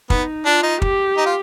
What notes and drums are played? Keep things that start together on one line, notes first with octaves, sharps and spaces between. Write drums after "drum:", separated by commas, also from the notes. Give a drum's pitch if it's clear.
B3 D#4, drum: kick
D4 F4
D#4
G4, drum: kick
D#4
F4